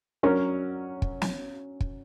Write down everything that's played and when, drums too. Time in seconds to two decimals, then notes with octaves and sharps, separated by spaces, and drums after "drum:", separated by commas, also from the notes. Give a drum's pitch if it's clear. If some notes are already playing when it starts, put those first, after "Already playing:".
0.23 F#3 C#4 F#4 A#4
1.02 drum: kick
1.22 drum: snare
1.80 drum: kick